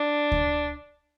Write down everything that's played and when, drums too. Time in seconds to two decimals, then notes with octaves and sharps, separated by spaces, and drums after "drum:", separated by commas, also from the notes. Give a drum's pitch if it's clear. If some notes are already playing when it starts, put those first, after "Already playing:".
Already playing: D4
0.32 drum: kick D2